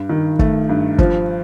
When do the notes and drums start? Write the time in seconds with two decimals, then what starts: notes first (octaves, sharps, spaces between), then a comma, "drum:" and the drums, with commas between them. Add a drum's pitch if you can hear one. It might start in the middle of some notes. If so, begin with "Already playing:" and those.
Already playing: G2
0.09 D#3
0.39 A3, drum: kick
0.69 G2
0.98 F3, drum: kick